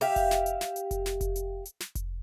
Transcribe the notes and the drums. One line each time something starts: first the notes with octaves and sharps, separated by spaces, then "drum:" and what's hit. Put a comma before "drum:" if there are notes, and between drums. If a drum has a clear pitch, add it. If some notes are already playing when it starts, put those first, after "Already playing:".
G4 E5 F5, drum: open hi-hat
drum: kick F1, hi-hat
drum: snare
drum: hi-hat
drum: snare
drum: hi-hat
drum: kick F1, hi-hat
drum: snare
drum: kick F1, hi-hat
drum: hi-hat
drum: hi-hat
drum: snare
drum: kick F1, hi-hat